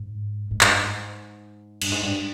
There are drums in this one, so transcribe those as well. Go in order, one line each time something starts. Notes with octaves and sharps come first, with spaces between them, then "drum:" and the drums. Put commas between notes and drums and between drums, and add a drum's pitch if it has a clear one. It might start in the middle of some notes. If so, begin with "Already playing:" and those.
Already playing: G#2
G#2
G2, drum: clap
G#2
G2, drum: cymbal
G#2
G2